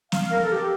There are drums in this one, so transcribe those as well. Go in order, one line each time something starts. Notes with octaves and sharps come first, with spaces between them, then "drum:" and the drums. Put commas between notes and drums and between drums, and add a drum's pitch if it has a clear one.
F5, drum: snare
A#4
A4
G4